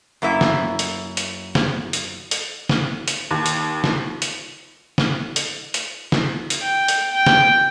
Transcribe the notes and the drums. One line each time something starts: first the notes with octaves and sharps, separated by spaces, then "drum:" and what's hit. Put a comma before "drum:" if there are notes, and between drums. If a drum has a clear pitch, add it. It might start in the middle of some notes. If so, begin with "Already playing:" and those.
F#2 A#3 E4 E5
drum: snare
drum: hi-hat
drum: hi-hat
drum: snare
drum: hi-hat
drum: hi-hat
drum: snare
drum: hi-hat
D#2
drum: hi-hat
drum: snare
drum: hi-hat
drum: snare
drum: hi-hat
drum: hi-hat
drum: snare
drum: hi-hat
G5
drum: hi-hat
G5
drum: snare